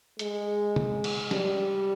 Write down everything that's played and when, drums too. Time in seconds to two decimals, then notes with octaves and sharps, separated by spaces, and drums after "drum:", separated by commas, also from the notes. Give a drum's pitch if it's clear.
0.19 G#3, drum: hi-hat
0.76 drum: tom C3
1.04 drum: cymbal
1.31 G3, drum: snare